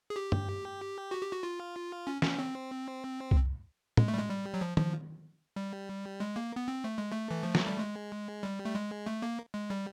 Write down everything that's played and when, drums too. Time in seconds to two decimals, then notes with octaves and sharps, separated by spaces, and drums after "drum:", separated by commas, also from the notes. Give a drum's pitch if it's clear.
0.10 G#4
0.16 G4
0.32 drum: tom
1.11 F#4
1.21 G4
1.32 F#4
1.43 F4
2.07 C#4
2.22 C#4, drum: snare
2.39 C4
3.31 drum: kick C2
3.97 G#3, drum: tom
4.08 A3
4.14 G3
4.19 G#3
4.29 G3
4.54 F#3
4.61 F3
4.77 F3, drum: tom D#3
5.56 G3
6.20 G#3
6.36 A#3
6.56 B3
6.68 C4
6.84 A3
6.98 G#3
7.12 A3
7.31 E3
7.43 F3
7.55 F#3, drum: snare
7.67 G3
7.79 G#3
8.43 G3
8.65 A3
8.75 G#3
9.06 A3
9.22 A#3
9.54 G#3
9.70 G3